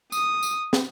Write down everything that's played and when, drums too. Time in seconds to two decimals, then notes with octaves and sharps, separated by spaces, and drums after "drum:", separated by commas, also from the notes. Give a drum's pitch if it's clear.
0.12 D#6, drum: tambourine
0.43 drum: tambourine
0.73 drum: snare